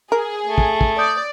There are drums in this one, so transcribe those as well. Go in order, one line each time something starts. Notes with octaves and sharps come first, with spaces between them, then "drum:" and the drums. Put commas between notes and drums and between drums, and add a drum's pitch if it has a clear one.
G#4 A#4
A3
drum: kick
drum: kick
D5 D#6 G6